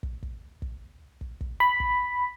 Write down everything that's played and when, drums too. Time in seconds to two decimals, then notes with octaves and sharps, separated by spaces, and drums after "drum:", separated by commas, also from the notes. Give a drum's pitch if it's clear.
0.03 drum: kick
0.23 drum: kick
0.62 drum: kick
1.21 drum: kick
1.41 drum: kick
1.60 B5
1.80 drum: kick